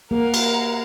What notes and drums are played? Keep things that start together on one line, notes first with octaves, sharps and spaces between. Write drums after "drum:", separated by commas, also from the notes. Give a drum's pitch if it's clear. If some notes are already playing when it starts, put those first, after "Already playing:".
A#3 A#4 F5 F#5
drum: cymbal